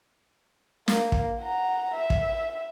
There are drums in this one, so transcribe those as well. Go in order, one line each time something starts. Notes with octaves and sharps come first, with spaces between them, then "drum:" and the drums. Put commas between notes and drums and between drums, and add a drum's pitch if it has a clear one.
A#3, drum: snare
drum: kick
F#5 A#5
E5
drum: kick